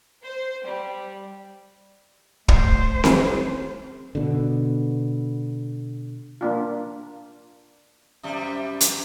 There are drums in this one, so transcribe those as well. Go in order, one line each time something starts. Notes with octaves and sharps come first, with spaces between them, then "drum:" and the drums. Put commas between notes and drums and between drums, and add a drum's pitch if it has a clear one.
C5
G3
A3 C5, drum: kick
drum: snare C4
B2 D3
A#3 D4 F4
F#2 C3 G3
drum: hi-hat